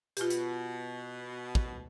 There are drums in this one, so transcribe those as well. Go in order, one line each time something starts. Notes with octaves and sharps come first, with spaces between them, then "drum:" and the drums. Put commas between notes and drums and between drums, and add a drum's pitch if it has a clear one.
B2 F4 G4, drum: hi-hat
drum: hi-hat
drum: kick